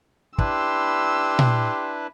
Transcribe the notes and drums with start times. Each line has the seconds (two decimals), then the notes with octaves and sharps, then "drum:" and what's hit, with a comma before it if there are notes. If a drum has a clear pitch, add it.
0.38 D4 E4 G4 B4 C6 E6, drum: kick
1.39 drum: tom A#2